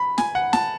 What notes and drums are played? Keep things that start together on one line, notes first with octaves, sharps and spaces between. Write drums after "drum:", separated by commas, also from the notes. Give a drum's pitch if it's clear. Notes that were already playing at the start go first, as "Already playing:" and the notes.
Already playing: B5
G#5, drum: snare
F#5
A5, drum: snare